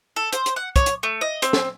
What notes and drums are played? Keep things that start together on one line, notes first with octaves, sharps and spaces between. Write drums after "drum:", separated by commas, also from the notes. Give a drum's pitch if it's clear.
A4
C5, drum: hi-hat
drum: hi-hat
F#5
C#5, drum: kick, hi-hat
drum: hi-hat
A3
D#5
C4, drum: hi-hat
drum: snare